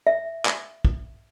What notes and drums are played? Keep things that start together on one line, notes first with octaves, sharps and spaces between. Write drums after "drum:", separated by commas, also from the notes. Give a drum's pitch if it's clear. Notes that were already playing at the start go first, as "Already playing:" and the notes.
E5
drum: clap
drum: kick